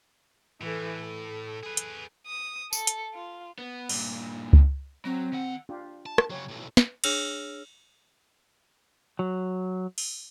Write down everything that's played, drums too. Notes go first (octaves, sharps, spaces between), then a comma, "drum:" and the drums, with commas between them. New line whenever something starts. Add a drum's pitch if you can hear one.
A2 E3 A4
A4
G#4 B4
drum: hi-hat
D#6
A4, drum: tambourine
drum: hi-hat
F4
B3
G2 A#2, drum: open hi-hat
drum: kick C#2
F#3 C4
D#3 F#5
D4 F4 G4
A5
drum: rim click
C#3 F#3 G4 C#5
B1 A2
drum: snare
D4 G#4 C#5 E6 F6 A#6, drum: cymbal
F#3
drum: open hi-hat